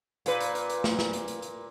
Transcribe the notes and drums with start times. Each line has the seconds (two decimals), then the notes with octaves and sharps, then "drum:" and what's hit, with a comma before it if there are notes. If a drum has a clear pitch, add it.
0.26 A#2 B4, drum: hi-hat
0.40 drum: hi-hat
0.55 drum: hi-hat
0.70 drum: hi-hat
0.84 drum: snare
0.99 drum: snare
1.13 drum: hi-hat
1.28 drum: hi-hat
1.42 drum: hi-hat